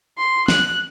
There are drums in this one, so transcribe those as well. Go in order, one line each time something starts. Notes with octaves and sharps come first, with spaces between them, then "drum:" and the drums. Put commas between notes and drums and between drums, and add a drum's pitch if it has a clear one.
C6
F#6, drum: snare